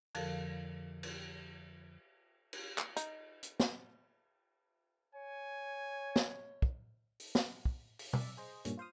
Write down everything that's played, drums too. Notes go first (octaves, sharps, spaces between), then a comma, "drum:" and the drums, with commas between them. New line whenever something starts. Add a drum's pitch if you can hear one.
F2 D3 F3 A4 A#4 F5, drum: cymbal
drum: cymbal
drum: cymbal
drum: clap
D#4, drum: hi-hat
drum: hi-hat
drum: snare
C#5 G#5
drum: snare
drum: kick
drum: open hi-hat
drum: snare
drum: kick
drum: open hi-hat
D5 E5, drum: tom B2
G#4 C5 D#5
G2 A#2 C#4, drum: hi-hat
F4 C5 F5 D#6